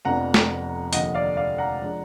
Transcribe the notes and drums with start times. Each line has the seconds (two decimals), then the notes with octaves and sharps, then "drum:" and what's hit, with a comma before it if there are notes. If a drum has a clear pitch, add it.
0.05 F1 F2 F3 B3 D4 F#5 A#5
0.34 drum: snare
0.93 F1 D#2 D3 F3 D#5 F#5, drum: hi-hat
1.14 D5 F5
1.37 D5 F5
1.58 F#5 A#5
1.81 F3 G#3 D4